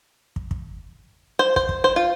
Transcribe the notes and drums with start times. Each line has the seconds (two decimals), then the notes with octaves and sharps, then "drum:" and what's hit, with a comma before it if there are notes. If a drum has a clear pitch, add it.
0.36 drum: kick
0.51 drum: kick
1.39 C5
1.56 C5, drum: kick
1.69 drum: kick
1.84 C5
1.96 F4